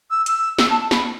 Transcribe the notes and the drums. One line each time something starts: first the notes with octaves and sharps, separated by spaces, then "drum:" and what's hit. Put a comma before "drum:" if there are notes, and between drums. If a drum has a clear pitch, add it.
E6
E6, drum: hi-hat
E6, drum: snare
A5
A5
B5, drum: snare